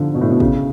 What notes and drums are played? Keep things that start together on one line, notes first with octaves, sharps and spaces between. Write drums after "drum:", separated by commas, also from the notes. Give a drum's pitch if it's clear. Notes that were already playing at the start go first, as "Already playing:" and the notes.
Already playing: D3 F3
B2
A2
B2
C#3, drum: kick